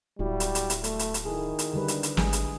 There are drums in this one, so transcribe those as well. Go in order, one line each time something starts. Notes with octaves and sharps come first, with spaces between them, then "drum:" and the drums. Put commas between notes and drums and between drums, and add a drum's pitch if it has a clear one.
D1 G3 E4 F#4
drum: hi-hat
drum: hi-hat
drum: hi-hat
A3, drum: hi-hat
drum: hi-hat
drum: hi-hat
D#3 E4 G#4
drum: hi-hat
D3 G3 B4
drum: hi-hat
drum: hi-hat
G#1 G#3 G#4, drum: snare
drum: hi-hat